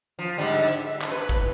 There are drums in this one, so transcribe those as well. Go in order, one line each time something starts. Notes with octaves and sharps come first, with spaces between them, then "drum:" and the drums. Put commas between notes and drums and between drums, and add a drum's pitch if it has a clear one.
F3
G#2 D3 G3
E5
drum: clap
B4
drum: kick